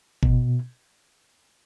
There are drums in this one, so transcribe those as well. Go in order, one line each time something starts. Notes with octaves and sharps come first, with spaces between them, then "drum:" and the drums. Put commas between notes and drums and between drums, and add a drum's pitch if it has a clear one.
B2, drum: kick G#1